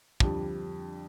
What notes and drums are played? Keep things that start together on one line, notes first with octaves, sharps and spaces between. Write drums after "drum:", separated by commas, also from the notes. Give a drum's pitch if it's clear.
F2 D3 G3, drum: kick